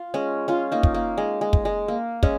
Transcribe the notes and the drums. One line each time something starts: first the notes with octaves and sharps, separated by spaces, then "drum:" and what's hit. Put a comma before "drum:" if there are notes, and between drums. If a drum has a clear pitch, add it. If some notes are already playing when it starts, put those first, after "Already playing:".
Already playing: F4
G#3 C#4
C#4 F4
A#3 D#4
drum: kick
A#3
G#3
G#3
drum: kick
G#3
A#3
G#3 C#4, drum: kick